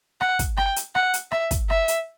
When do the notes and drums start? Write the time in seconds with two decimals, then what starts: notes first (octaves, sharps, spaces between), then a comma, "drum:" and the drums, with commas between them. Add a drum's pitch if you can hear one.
0.21 F#5, drum: rim click
0.39 drum: kick, hi-hat
0.57 G5, drum: rim click
0.76 drum: hi-hat
0.95 F#5, drum: rim click
1.14 drum: hi-hat
1.32 E5, drum: rim click
1.51 drum: kick, hi-hat
1.70 E5, drum: rim click
1.88 drum: hi-hat